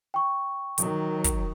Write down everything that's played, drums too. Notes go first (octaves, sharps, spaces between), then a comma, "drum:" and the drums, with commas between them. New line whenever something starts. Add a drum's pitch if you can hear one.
G5 C#6
D#3 F#3, drum: hi-hat
drum: kick, hi-hat